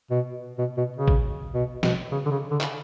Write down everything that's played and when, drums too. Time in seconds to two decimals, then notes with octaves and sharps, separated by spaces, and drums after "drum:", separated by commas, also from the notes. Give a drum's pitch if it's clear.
0.11 B2
0.58 B2
0.77 B2
0.97 C#3
1.08 drum: kick
1.54 B2
1.83 B2, drum: snare
2.12 C#3
2.25 D3
2.31 C#3
2.51 D3
2.61 drum: clap